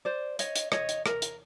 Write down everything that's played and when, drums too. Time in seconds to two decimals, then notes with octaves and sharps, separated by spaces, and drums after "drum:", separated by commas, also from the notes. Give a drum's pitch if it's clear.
0.05 C5 D5
0.39 C#5 D#5, drum: hi-hat
0.56 drum: hi-hat
0.72 C#5 D#5, drum: rim click
0.89 drum: hi-hat
1.06 A#4, drum: rim click
1.22 drum: hi-hat